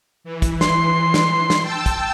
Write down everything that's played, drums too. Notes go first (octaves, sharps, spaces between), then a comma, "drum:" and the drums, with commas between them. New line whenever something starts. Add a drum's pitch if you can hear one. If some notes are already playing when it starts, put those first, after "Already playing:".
E3
drum: kick, hi-hat
C6, drum: snare
drum: snare
drum: snare
G5 A5 E6
drum: kick, hi-hat